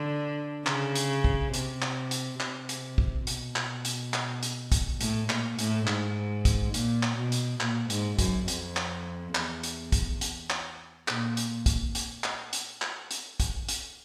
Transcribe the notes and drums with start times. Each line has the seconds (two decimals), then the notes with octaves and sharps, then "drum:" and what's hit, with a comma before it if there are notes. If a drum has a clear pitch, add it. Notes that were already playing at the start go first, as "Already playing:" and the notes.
Already playing: D3
0.66 C#3, drum: clap
0.95 drum: hi-hat
1.24 drum: kick
1.54 C3, drum: hi-hat
1.82 drum: clap
2.11 drum: hi-hat
2.40 C3, drum: clap
2.69 drum: hi-hat
2.98 drum: kick
3.27 B2, drum: hi-hat
3.56 drum: clap
3.85 drum: hi-hat
4.14 drum: clap
4.43 drum: hi-hat
4.72 drum: kick, hi-hat
5.01 A2, drum: hi-hat
5.30 A#2, drum: clap
5.59 A2, drum: hi-hat
5.87 G#2, drum: clap
6.45 drum: kick, hi-hat
6.74 A#2, drum: hi-hat
7.03 drum: clap
7.18 B2
7.32 drum: hi-hat
7.61 A#2, drum: clap
7.90 G#2, drum: hi-hat
8.19 F#2, drum: kick, hi-hat
8.48 F2, drum: hi-hat
8.77 drum: clap
9.35 E2, drum: clap
9.63 drum: hi-hat
9.92 drum: kick, hi-hat
10.21 drum: hi-hat
10.50 drum: clap
11.08 A#2, drum: clap
11.37 drum: hi-hat
11.66 drum: kick, hi-hat
11.95 drum: hi-hat
12.24 drum: clap
12.53 drum: hi-hat
12.82 drum: clap
13.11 drum: hi-hat
13.40 drum: kick, hi-hat
13.69 drum: hi-hat